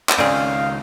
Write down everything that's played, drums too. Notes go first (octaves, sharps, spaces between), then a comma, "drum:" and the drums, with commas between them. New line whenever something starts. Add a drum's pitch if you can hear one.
drum: clap
C#2 D#3 C4 C#4 D#4 G#4 D5 F5